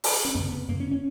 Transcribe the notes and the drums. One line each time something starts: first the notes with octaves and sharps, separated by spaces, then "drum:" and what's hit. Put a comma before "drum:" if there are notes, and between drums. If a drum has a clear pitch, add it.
drum: open hi-hat
C#4
F#2 C#3 B3
B3
F#2 C#3 A#3
C#4
C#4